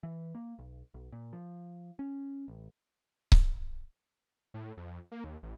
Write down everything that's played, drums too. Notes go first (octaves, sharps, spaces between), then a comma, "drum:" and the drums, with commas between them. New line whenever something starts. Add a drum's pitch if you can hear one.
E3
A#3
B1
B1
A#2
F3
C#4
A1
drum: kick C#1
A2
F2
A#3
D#2
A1